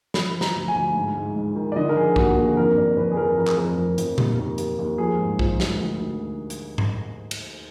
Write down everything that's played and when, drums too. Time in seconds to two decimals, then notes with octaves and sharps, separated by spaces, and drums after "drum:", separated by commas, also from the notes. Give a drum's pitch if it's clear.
0.14 F3 B5, drum: snare
0.35 F3
0.41 A#5, drum: snare
0.56 D2
0.68 G#5
0.75 D2
0.95 G#2
1.16 G#2
1.36 G#2
1.56 D#3
1.72 D5
1.76 D3 D#5
1.89 A#4
1.96 F3 G#4
2.16 D#2 F#4, drum: kick A#1
2.37 D#2 G#4
2.57 F2 A#4
2.77 F2 D5
2.97 F2 B4
3.12 G#4
3.17 F2 A#4
3.38 F2 A#4
3.47 G#4, drum: clap
3.57 F2 A#4
3.78 F3
3.98 F2, drum: hi-hat
4.18 D#2, drum: tom A#2
4.39 D#2
4.58 D#2, drum: hi-hat
4.79 D#2
4.98 F3 G#4
5.19 G#2
5.39 F3, drum: kick A#1
5.60 G#2, drum: snare
5.79 D2
6.00 D2
6.20 D2
6.50 drum: hi-hat
6.78 drum: tom G#2
7.31 drum: cymbal